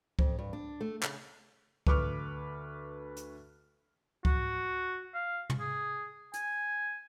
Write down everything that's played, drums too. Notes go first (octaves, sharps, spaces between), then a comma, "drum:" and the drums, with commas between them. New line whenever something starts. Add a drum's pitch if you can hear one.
F2, drum: kick C#2
G2
D4
A3
C#3, drum: clap
D2 B4 C#6 D6 F6, drum: kick C#2
drum: hi-hat
F#4, drum: kick C#2
F5
drum: tom
G#4
G#5, drum: hi-hat